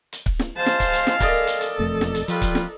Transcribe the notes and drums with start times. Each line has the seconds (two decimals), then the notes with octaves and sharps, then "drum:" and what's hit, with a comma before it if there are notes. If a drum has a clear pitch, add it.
0.13 drum: hi-hat
0.26 drum: kick C#1
0.39 drum: snare
0.57 G#3 C5 F5 A5
0.66 drum: snare
0.80 drum: kick C#1, hi-hat
0.93 drum: hi-hat
1.07 drum: snare
1.20 A4 A#4 D5 D#5, drum: kick C#1, hi-hat
1.47 drum: hi-hat
1.61 drum: hi-hat
1.79 E1 F2 A3
2.01 drum: snare
2.15 drum: hi-hat
2.28 F3 G3 F4 B4, drum: hi-hat
2.42 drum: kick C#1, hi-hat
2.55 drum: snare